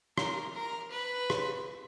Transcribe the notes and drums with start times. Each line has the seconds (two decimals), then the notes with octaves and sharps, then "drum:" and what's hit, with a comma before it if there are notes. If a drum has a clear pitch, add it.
0.18 A#4, drum: rim click
0.55 A#4
0.92 B4
1.30 drum: rim click